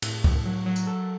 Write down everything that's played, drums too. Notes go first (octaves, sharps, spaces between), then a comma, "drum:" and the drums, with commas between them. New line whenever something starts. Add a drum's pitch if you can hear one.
A2, drum: cymbal
A2, drum: kick
F#3
F#3
drum: tambourine
A4